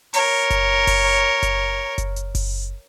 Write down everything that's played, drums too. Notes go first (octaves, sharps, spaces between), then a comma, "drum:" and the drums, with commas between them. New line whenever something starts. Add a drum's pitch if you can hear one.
A#4 C#5, drum: open hi-hat
drum: kick F#1, hi-hat
drum: kick F#1, open hi-hat
drum: kick F#1, hi-hat
drum: kick F#1, hi-hat
drum: hi-hat
drum: kick F#1, open hi-hat